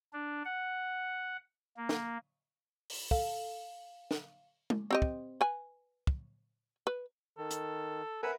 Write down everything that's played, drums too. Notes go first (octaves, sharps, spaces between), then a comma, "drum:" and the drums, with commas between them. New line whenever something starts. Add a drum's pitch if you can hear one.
D4
F#5
A#3
drum: snare
drum: open hi-hat
A4 F5, drum: kick
drum: snare
drum: tom G#3
C4 G4 D#5
drum: kick
B4 G#5
drum: kick
B4
D#3 A4
drum: hi-hat
A#4 B4 E5 F#5 G#5 B5 E6